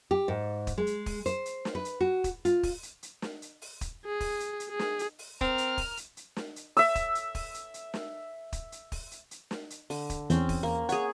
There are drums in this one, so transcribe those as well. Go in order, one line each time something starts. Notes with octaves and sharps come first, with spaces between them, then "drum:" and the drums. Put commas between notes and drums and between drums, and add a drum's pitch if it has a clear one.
G4
G#2
drum: kick, hi-hat
G#3
drum: hi-hat
drum: kick, open hi-hat
C5, drum: hi-hat
drum: hi-hat
drum: snare
B4
drum: hi-hat
F#4
drum: kick, hi-hat
F4, drum: hi-hat
drum: kick, open hi-hat
drum: hi-hat
drum: hi-hat
drum: snare
drum: hi-hat
drum: open hi-hat
drum: kick, hi-hat
G#4
drum: kick, open hi-hat
drum: hi-hat
drum: hi-hat
G#4
drum: snare
drum: hi-hat
drum: open hi-hat
C4 A#4 F6, drum: kick
drum: hi-hat
drum: kick, open hi-hat
drum: hi-hat
drum: hi-hat
drum: snare
drum: hi-hat
E5 E6, drum: open hi-hat
drum: kick, hi-hat
drum: hi-hat
drum: kick, open hi-hat
drum: hi-hat
drum: hi-hat
drum: snare
drum: kick, hi-hat
drum: hi-hat
drum: kick, open hi-hat
drum: hi-hat
drum: hi-hat
drum: snare
drum: hi-hat
D3, drum: open hi-hat
drum: kick, hi-hat
E2 C4 C#4, drum: hi-hat
drum: kick, open hi-hat
A#3
G#4 C#5 F#5, drum: hi-hat